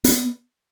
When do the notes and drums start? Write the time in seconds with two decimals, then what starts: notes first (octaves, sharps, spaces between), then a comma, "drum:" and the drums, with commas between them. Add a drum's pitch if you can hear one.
0.04 B3, drum: hi-hat